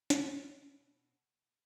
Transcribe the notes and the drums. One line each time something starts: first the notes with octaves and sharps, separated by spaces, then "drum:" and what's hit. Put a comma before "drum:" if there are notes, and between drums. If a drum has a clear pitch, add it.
B2 A4, drum: snare